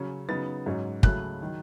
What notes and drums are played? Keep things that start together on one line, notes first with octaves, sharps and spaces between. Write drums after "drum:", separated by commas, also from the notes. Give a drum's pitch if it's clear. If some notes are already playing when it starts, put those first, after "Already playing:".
Already playing: C#3 F#3 C#4
C#3 F#3 B3 D#4 A6
G#2 F#3 C#4
C#2 C#3 F#3 A3 C#4 F#6, drum: kick
D#3 F#3